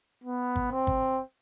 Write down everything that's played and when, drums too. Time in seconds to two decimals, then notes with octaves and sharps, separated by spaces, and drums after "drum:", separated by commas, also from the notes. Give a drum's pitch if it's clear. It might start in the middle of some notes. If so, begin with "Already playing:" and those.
0.24 B3
0.56 drum: kick
0.72 C4
0.87 drum: kick